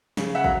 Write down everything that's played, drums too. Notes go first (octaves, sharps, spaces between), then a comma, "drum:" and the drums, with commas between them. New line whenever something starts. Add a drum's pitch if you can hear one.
C#3, drum: snare
E5 F#5
F#3, drum: kick